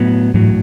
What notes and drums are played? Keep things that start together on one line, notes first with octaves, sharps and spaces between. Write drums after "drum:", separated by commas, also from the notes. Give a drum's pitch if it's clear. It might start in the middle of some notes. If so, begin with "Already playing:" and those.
Already playing: A2 F#3 B3
A2 F#3, drum: tom G#2